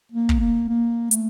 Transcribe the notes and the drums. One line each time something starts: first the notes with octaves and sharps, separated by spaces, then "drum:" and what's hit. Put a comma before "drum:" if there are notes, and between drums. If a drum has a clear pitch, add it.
A#3
drum: kick
A#3
A#3
A3, drum: hi-hat